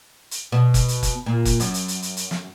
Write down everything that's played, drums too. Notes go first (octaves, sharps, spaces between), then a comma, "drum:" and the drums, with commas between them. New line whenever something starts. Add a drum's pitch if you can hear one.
drum: hi-hat
B2
drum: kick F1, hi-hat
drum: hi-hat
drum: kick F1, hi-hat
A#2
drum: kick F1, hi-hat
F#2, drum: hi-hat
drum: hi-hat
drum: hi-hat
drum: hi-hat
drum: hi-hat
drum: snare